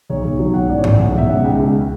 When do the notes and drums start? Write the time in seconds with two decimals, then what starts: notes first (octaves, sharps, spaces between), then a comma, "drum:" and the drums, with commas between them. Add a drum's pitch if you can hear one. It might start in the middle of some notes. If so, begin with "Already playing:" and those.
0.09 B1 C#5
0.24 B1
0.39 F#3 C#5
0.54 E1 F#5
0.69 A1 D5
0.78 C#5
0.84 A1 D5, drum: tom G#2
0.99 B1 F#5
1.15 B1 E5
1.29 C#2 F#5
1.44 C#2 G5
1.59 C#2